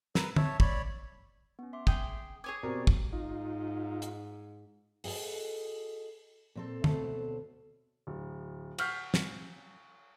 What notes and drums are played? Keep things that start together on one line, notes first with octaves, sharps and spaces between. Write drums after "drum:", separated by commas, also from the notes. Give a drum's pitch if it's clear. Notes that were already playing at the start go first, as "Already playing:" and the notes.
A#4 B4 E6, drum: snare
C#5 E5 A5, drum: tom D3
C#5 D5 B5, drum: kick
B3 C#4
E5 C6 D6
G#4 G5 D#6, drum: kick
G#4 C#5 G#5 D6 D#6
B2 C4 G4 A#4 D5
drum: kick
G#2 D#4 F4
drum: hi-hat
F#4 G#4 A4 D#5, drum: open hi-hat
A#2 C4 A4
D2 B2 A3 C4 C#5 A5, drum: tom D3
D1
F#5 C#6 F6 G6 B6 C7, drum: cymbal
drum: snare